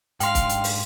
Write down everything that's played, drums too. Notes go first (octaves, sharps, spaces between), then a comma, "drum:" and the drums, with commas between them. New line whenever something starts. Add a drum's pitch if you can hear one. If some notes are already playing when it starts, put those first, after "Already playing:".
G#2 D4 F5 G5 C6, drum: hi-hat
drum: kick, hi-hat
drum: hi-hat
drum: open hi-hat